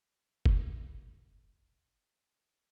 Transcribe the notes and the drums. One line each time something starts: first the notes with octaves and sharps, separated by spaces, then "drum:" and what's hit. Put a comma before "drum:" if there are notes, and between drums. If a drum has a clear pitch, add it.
F1 A#2 F3
drum: kick